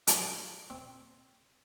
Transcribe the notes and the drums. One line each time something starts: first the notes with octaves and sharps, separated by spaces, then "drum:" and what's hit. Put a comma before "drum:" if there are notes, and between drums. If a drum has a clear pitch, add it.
F#3, drum: hi-hat
C4